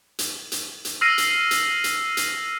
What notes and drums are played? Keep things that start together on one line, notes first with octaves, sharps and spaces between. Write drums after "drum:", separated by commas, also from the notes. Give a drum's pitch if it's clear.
drum: hi-hat
drum: hi-hat
drum: hi-hat
E6 F6 A#6 C7 D#7
drum: hi-hat
drum: hi-hat
drum: hi-hat
drum: hi-hat